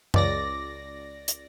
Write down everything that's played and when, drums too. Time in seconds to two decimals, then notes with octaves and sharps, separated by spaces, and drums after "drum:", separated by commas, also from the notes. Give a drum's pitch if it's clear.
0.14 C#2 D5 A#6, drum: tom F#2
1.28 drum: hi-hat